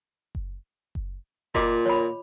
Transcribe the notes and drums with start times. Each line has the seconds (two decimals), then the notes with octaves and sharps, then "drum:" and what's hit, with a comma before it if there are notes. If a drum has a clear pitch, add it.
0.35 drum: kick F#1
0.95 drum: kick F#1
1.55 A#2 F4 D#5 D6, drum: kick F#1
1.86 C#5 B5